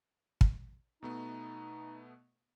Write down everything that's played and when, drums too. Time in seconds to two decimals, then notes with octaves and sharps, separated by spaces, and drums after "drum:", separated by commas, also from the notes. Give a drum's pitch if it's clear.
0.41 drum: kick
1.02 B2 A3 B3 D#4